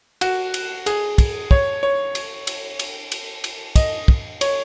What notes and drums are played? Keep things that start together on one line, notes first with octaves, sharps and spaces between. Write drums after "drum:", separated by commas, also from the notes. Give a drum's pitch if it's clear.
F#4, drum: cymbal
drum: cymbal
G#4, drum: cymbal
drum: kick, cymbal
C#5, drum: kick
C#5
drum: cymbal
drum: cymbal
drum: cymbal
drum: cymbal
drum: cymbal
D#5, drum: kick, cymbal
drum: kick
C#5, drum: cymbal